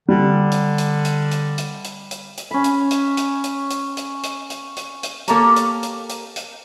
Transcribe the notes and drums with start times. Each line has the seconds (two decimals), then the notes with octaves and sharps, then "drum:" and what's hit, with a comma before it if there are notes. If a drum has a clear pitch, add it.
0.09 D3 G3
0.52 drum: hi-hat
0.78 drum: hi-hat
1.05 drum: hi-hat
1.31 drum: hi-hat
1.58 drum: hi-hat
1.84 drum: hi-hat
2.11 drum: hi-hat
2.37 drum: hi-hat
2.51 C#4 B5
2.64 drum: hi-hat
2.91 drum: hi-hat
3.17 drum: hi-hat
3.44 drum: hi-hat
3.70 drum: hi-hat
3.97 drum: hi-hat
4.23 drum: hi-hat
4.50 drum: hi-hat
4.77 drum: hi-hat
5.03 drum: hi-hat
5.28 A#3 G4 A4 A#4 C#5 A#5, drum: hi-hat
5.56 drum: hi-hat
5.83 drum: hi-hat
6.09 drum: hi-hat
6.36 drum: hi-hat